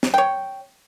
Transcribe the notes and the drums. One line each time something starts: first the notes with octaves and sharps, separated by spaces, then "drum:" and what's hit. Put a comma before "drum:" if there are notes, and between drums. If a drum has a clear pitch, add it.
drum: snare
C#5 G5